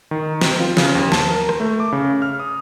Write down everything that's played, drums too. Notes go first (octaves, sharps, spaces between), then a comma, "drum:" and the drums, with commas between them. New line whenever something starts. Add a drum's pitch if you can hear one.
D#3
C4, drum: snare
F4
C#3, drum: snare
D#2
A5, drum: snare
A#4
drum: rim click
A3
D6
C#3
F6
D#6